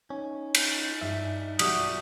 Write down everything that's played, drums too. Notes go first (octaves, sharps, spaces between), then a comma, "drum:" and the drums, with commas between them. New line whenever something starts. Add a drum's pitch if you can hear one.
C#4 D#4
drum: cymbal
G2 E5
B1 G3 F#4 E5 F#5 C#6 D#6, drum: cymbal